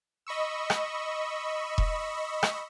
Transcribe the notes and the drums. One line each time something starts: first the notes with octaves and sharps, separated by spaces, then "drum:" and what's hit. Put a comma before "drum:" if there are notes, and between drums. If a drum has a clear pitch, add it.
D#5 B5 C#6 E6
drum: rim click
drum: kick E1
drum: rim click